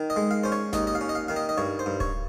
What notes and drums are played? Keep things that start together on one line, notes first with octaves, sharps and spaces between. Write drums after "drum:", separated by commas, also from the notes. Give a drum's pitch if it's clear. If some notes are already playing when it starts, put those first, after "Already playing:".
Already playing: D#3
D#5
G#3
F5
C#4 C5
C#5
D#2 D#5, drum: snare G#1
D#5
F5
C#4
D#5
F5
D#3 F5
D#5
D#5
G2 C#5
C5
G2
C#5, drum: kick D1